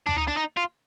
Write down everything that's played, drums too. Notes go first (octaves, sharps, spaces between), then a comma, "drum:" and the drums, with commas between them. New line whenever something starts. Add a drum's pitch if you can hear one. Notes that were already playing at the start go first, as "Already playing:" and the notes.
D4, drum: tom
D#4
D4
D#4
F4